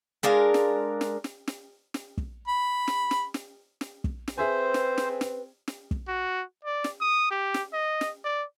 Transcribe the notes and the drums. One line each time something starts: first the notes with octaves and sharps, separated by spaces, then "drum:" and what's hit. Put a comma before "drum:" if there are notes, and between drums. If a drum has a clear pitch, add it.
G#3 D4 A#4 F5
drum: snare
drum: snare
drum: snare
drum: snare
drum: snare
drum: kick
B5
drum: snare
drum: snare
drum: snare
drum: snare
drum: kick
drum: snare
C4 G#4 B4 C5 E5 G#5
drum: snare
drum: snare
drum: snare
drum: snare
drum: kick
F#4
D5
drum: snare
D#6
G4
drum: snare
D#5
drum: snare
D5